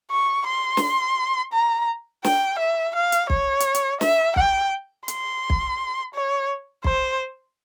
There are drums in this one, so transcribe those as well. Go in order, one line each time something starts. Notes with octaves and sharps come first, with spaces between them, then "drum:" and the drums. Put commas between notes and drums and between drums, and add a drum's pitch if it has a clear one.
C#6
C6
drum: snare
A#5
G5, drum: snare
E5
F5
drum: hi-hat
C#5, drum: kick B1
drum: hi-hat
drum: hi-hat
E5, drum: snare
G5, drum: kick B1
C6, drum: hi-hat
drum: kick B1
C#5
C5, drum: kick B1